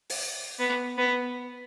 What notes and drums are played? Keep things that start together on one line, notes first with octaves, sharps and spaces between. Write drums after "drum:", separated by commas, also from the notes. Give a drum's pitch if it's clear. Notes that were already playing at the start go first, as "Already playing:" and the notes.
drum: open hi-hat
B3
B3